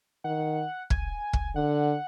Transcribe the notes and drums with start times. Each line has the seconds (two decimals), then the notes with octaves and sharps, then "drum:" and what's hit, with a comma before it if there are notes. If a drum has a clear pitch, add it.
0.24 D#3 F#5
0.90 G#5, drum: kick
1.33 drum: kick
1.55 D3 F#5